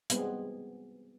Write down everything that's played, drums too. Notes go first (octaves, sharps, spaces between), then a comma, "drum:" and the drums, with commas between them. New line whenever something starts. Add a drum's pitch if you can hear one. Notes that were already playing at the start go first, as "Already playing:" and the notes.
G3 G#3 B3 C4 G#4, drum: hi-hat